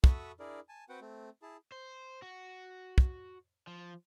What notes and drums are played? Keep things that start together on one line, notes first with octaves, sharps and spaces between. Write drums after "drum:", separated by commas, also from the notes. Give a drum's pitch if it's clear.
F#4 A4 E5 B5 C#6 D#6, drum: kick
D4 E4 G#4 A#4 D5
G#5 A5
C4 F#4 B4 F#5 G5
A3 C4
E4 G#4 A5
C5
F#4
drum: kick
F3